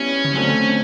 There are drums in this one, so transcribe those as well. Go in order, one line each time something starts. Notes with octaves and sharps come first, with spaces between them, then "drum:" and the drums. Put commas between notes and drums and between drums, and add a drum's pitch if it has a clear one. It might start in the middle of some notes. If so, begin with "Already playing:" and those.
Already playing: G3 B3 C#4 E4
drum: tom C#3
D3 F#3 A3 C4 C#4